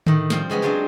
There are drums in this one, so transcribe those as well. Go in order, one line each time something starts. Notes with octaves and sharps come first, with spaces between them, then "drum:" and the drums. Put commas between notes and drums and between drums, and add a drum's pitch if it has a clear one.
A2 D#3, drum: tom D3
F3 G3 C4, drum: snare
C#3 G#3 B3 C#4
F#3 G#3 C4 D4 F4 G4